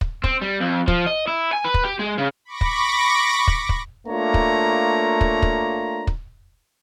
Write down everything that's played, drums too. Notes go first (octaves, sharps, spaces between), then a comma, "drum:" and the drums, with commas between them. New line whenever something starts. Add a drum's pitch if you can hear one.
drum: kick
C4, drum: kick
G3
F2
F3, drum: kick
D#5
E4
G#5
B4
drum: kick
G4
G#3
C#3
B5 C#6 D6 A#6
drum: kick
drum: kick
drum: kick
A3 A#3 D4 F4 C#5 A#5
drum: kick
drum: kick
drum: kick
drum: kick